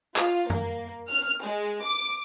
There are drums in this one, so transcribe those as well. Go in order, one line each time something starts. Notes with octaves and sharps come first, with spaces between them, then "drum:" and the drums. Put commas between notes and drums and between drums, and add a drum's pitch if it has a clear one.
F4, drum: clap
A#3, drum: tom F#2
F6
G#3
D6